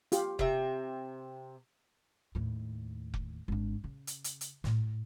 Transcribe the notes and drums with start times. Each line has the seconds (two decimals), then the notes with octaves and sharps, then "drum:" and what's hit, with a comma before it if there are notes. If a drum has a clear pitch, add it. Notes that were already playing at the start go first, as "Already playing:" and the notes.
0.12 F4 G4, drum: hi-hat
0.39 C3 E5, drum: kick F1
2.35 D#2 A2
3.14 drum: kick F1
3.48 G#1 D4
3.84 C#3
4.07 drum: hi-hat
4.24 drum: hi-hat
4.41 drum: hi-hat
4.64 A2, drum: snare